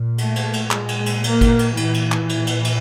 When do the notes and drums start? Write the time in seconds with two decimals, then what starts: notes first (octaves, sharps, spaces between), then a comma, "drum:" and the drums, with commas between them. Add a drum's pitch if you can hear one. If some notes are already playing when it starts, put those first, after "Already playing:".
Already playing: A#2
0.18 A3, drum: cymbal
0.36 drum: cymbal
0.53 drum: cymbal
0.71 G#3, drum: clap
0.88 drum: cymbal
1.06 drum: cymbal
1.24 A#3, drum: cymbal
1.41 drum: kick, cymbal
1.59 drum: cymbal
1.77 A#2 E3, drum: cymbal
1.94 drum: cymbal
2.12 drum: clap
2.29 drum: cymbal
2.47 drum: cymbal
2.64 drum: cymbal